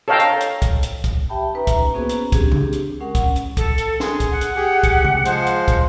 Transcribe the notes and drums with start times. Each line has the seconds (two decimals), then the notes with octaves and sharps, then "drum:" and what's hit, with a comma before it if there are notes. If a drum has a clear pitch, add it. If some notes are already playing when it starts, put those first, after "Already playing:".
0.08 A4 C#5 D#5 F5 G5 A#5
0.20 drum: hi-hat
0.41 drum: hi-hat
0.62 drum: kick, hi-hat
0.83 drum: hi-hat
1.04 drum: kick, hi-hat
1.29 G4 E5 G5 A5 B5
1.54 C#4 D#4 B4 E5 A#5
1.67 drum: kick, hi-hat
1.94 A#3 B3 C#4 F#4 G#4 C5
2.09 drum: hi-hat
2.32 C4 D4 G4 G#4, drum: kick, hi-hat
2.52 drum: tom C#3
2.73 drum: hi-hat
3.00 G#3 C#4 A#4 F#5
3.15 drum: kick, hi-hat
3.36 drum: hi-hat
3.57 A4, drum: kick, hi-hat
3.78 drum: hi-hat
4.00 G#4 C6, drum: snare
4.20 drum: kick, hi-hat
4.31 F#5
4.41 drum: hi-hat
4.56 G4 G#4
4.83 drum: kick, hi-hat
5.05 drum: tom C3
5.26 F3 G#3 C5, drum: hi-hat
5.47 drum: hi-hat
5.68 drum: kick, hi-hat